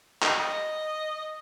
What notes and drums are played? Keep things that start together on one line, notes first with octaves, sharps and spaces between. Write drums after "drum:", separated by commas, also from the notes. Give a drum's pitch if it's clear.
D#5, drum: clap